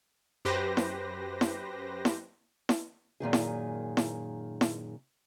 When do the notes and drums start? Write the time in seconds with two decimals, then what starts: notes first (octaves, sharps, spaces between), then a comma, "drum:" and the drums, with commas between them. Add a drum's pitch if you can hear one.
0.45 F#2 G4 B4 C5 A#6
0.77 drum: snare E4
1.41 drum: snare E4
2.05 drum: snare E4
2.69 drum: snare E4
3.20 F#2 A#2 D#3 G#4
3.33 drum: snare E4
3.97 drum: snare E4
4.61 drum: snare E4